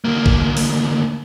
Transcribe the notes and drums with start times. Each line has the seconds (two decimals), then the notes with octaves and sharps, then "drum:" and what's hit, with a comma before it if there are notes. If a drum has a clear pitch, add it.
0.05 D2 A#3
0.26 drum: kick
0.57 drum: open hi-hat